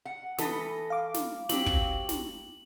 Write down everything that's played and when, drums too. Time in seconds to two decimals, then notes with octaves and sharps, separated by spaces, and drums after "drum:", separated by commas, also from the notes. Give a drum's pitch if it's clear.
0.05 F#5
0.38 E3 A4 B4 D#6 A#6, drum: snare
0.90 F5 D6
1.14 drum: snare
1.49 F#3 C4 G4 F#7, drum: snare
1.66 drum: kick
2.09 drum: snare